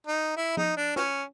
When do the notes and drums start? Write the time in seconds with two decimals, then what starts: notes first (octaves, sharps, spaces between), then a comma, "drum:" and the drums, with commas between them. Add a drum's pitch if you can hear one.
0.07 D#4
0.36 E4
0.57 D#4, drum: tom F3
0.77 D4
0.96 C#4, drum: snare